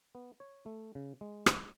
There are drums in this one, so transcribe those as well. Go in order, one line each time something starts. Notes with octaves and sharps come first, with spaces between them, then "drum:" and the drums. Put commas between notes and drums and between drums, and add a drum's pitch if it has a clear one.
B3
C#5
A3
C#3
G#3
drum: rim click